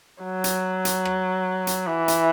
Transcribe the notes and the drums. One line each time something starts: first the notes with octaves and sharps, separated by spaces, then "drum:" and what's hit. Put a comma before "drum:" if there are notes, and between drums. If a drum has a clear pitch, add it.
F#3
drum: hi-hat
drum: hi-hat
drum: rim click
drum: hi-hat
E3
drum: hi-hat